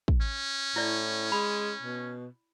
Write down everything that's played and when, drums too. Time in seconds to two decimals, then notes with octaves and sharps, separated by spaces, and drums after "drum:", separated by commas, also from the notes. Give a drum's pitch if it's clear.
0.08 drum: kick
0.21 C#4
0.76 A2 E4 D5
1.32 G#3 B5
1.83 B2